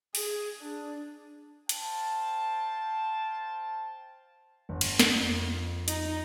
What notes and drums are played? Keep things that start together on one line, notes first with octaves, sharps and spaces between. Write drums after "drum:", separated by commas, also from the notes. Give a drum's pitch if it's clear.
G#4, drum: open hi-hat
D4
C5 F5 G5 A5, drum: hi-hat
G1
drum: cymbal
drum: snare
F2 G7
D#4, drum: hi-hat